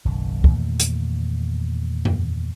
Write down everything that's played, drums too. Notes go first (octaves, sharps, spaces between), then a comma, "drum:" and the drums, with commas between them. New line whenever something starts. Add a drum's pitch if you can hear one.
F#1 B1 F#2 D#3
E2 A#2 D#3 A3, drum: kick
drum: hi-hat
drum: tom F#2